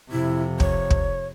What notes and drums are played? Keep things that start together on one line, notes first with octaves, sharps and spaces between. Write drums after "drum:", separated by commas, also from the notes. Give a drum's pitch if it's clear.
F2 C3 E4
C#5, drum: kick
drum: kick